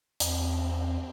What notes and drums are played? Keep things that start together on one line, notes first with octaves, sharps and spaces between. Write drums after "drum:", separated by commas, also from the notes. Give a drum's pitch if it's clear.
E2 C4, drum: hi-hat